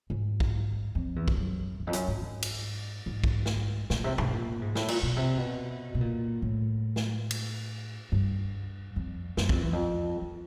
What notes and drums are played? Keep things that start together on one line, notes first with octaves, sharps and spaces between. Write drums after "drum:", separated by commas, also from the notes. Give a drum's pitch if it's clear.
G#2
drum: kick
F2
E2
drum: kick
F#2
E2
F2
F#2, drum: hi-hat
G#2
G#2
drum: cymbal
G#2
drum: kick
drum: snare
A#2, drum: snare
C3
B2, drum: tom G2
A#2
G#2
A2, drum: snare
A#2, drum: cymbal
B2
C3
B2
B2
A#2
A2
drum: snare
drum: cymbal
G2
F2
F#2, drum: snare
F2, drum: kick
E2
F2
E2